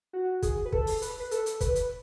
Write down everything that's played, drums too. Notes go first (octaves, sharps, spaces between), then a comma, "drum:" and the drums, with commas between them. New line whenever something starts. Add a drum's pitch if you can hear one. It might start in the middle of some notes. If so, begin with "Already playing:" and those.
F#4
G#4, drum: kick, hi-hat
B4
A4, drum: kick
drum: open hi-hat
B4, drum: hi-hat
B4
A4, drum: hi-hat
drum: hi-hat
B4, drum: kick, hi-hat
drum: hi-hat